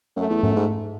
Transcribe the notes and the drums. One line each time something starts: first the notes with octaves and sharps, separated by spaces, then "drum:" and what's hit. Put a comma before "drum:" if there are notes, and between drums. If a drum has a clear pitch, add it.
F#2 A3
E2
F#2, drum: tom G#2
G#2